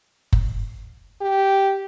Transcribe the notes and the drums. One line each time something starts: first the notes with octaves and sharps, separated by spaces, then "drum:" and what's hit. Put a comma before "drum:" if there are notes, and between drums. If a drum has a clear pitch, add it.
drum: kick F#1
G4